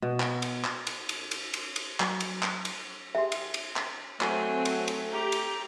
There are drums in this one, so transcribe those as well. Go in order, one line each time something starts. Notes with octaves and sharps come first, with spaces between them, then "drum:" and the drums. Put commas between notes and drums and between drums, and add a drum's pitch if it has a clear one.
B2
drum: clap
drum: cymbal
drum: clap
drum: cymbal
drum: cymbal
drum: cymbal
drum: cymbal
drum: cymbal
F#3, drum: clap
drum: cymbal
drum: clap
drum: cymbal
G4 G#4 E5 C6
drum: cymbal
drum: cymbal
drum: clap
F#3 A3 C4 G#5, drum: clap
drum: cymbal
drum: cymbal
G4 A#5
drum: cymbal